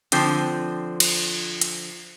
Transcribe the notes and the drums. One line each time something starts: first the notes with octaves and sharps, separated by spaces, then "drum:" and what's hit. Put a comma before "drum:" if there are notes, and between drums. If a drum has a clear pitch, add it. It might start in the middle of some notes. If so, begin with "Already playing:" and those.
D3 F3 C4, drum: hi-hat
drum: cymbal
drum: hi-hat